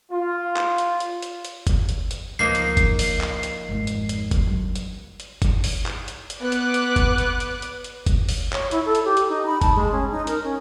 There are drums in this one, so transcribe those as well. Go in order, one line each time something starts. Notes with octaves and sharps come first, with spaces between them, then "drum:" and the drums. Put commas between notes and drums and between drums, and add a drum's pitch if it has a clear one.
F4
drum: clap
drum: hi-hat
drum: hi-hat
drum: hi-hat
drum: hi-hat
drum: kick F#1, hi-hat
drum: hi-hat
drum: hi-hat
C#2 F3 A#3 D#4 C7
drum: hi-hat
drum: kick F#1, hi-hat
drum: open hi-hat
drum: clap
drum: hi-hat
G#1 F2
drum: hi-hat
drum: hi-hat
drum: kick F#1, hi-hat
F#3 D4
drum: hi-hat
drum: hi-hat
drum: kick F#1, hi-hat
drum: open hi-hat
drum: clap
drum: hi-hat
drum: hi-hat
B3 B4 D6 F#6
drum: hi-hat
drum: hi-hat
drum: kick F#1, hi-hat
drum: hi-hat
drum: hi-hat
drum: hi-hat
drum: hi-hat
drum: kick F#1, hi-hat
drum: open hi-hat
C#5, drum: clap
E4, drum: hi-hat
A4
drum: hi-hat
G4
drum: hi-hat
D#4
B5
A5, drum: kick F#1, hi-hat
G#3
C#4
D#4
A#4, drum: hi-hat
C#4